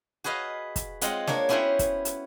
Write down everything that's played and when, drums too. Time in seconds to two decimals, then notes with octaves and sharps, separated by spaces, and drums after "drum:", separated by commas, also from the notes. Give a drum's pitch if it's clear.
0.24 F#4 G#4 B4 D#5 F5
0.76 drum: kick, hi-hat
1.01 G#3 C4 F4 D#5 F#5, drum: hi-hat
1.27 A#3 D4 C#5, drum: snare
1.49 B3 C#4 E4 F#4 C5 G5
1.79 drum: kick, hi-hat
2.05 drum: hi-hat